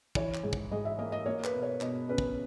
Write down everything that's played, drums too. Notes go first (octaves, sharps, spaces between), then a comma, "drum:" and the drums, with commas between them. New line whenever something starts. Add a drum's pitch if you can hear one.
E3 C#5, drum: kick
drum: clap
G#2
drum: kick
G#2 D#5
E5
A#3 D#5
D#5
A#3 C#5
B4, drum: clap
B2
C#5
B2 D#5, drum: clap
C#4 B4
drum: kick